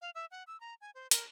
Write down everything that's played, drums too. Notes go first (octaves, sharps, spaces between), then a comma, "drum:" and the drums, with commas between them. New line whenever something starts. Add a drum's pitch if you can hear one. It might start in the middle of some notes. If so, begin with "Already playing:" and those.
F5
E5
F#5
E6
A#5
G#5
C5
A#4, drum: hi-hat